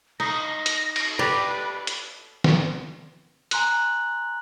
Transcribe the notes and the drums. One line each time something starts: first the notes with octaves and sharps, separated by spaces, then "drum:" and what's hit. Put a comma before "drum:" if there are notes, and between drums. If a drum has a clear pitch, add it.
D#4 A#6, drum: cymbal
drum: hi-hat
drum: cymbal
G4 B4 D5
drum: hi-hat
drum: snare
G#5 A#5 C6 F#6 F#7, drum: hi-hat